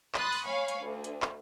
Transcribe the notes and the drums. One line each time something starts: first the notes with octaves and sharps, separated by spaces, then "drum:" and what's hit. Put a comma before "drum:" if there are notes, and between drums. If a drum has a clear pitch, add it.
B5 C6 D#6 F#6 A6, drum: clap
drum: open hi-hat
C#5 F5 G#5 B5 C#6
drum: hi-hat
D2
drum: hi-hat
drum: clap